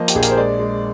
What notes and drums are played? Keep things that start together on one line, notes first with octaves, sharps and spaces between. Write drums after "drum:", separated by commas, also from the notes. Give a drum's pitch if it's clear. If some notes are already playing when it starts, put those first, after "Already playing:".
Already playing: F3 A#3 D#5
G4, drum: hi-hat
A#1 G#4
A#4, drum: hi-hat
C5
G#3 D5
G#3